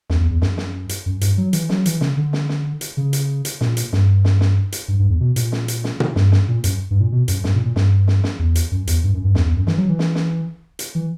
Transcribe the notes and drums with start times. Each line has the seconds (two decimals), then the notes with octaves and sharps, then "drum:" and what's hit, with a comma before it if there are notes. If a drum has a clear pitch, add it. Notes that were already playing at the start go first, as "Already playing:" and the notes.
0.09 E2, drum: snare
0.20 E2
0.31 E2
0.42 F#2, drum: snare
0.57 drum: snare
0.89 drum: hi-hat
1.06 F#2
1.21 G2, drum: hi-hat
1.38 F#3
1.53 E3, drum: hi-hat
1.69 F#3, drum: snare
1.86 E3, drum: hi-hat
2.01 C#3, drum: snare
2.17 D3
2.33 drum: snare
2.49 drum: snare
2.81 drum: hi-hat
2.97 C#3
3.13 drum: hi-hat
3.45 drum: hi-hat
3.61 A#2, drum: snare
3.77 drum: hi-hat
3.93 G2, drum: snare
4.25 drum: snare
4.40 drum: snare
4.72 drum: hi-hat
4.88 G2
4.99 G2
5.10 E2
5.20 B2
5.36 A#2, drum: hi-hat
5.52 drum: snare
5.68 drum: hi-hat
5.84 drum: snare
6.00 drum: tom A#2
6.16 G2, drum: snare
6.32 drum: snare
6.48 A#2
6.64 F#2, drum: hi-hat
6.91 G2
7.01 A#2
7.12 B2
7.28 F#2, drum: hi-hat
7.44 G2, drum: snare
7.55 A#2
7.65 A#2
7.76 G2, drum: snare
8.08 drum: snare
8.24 drum: snare
8.39 E2
8.55 drum: hi-hat
8.71 F#2
8.87 E2, drum: hi-hat
9.04 G2
9.14 F#2
9.25 G2
9.35 E2, drum: snare
9.46 E2
9.56 F#2
9.67 E3, drum: snare
9.78 F#3
9.89 E3
9.99 drum: snare
10.15 drum: snare
10.79 drum: hi-hat
10.95 E3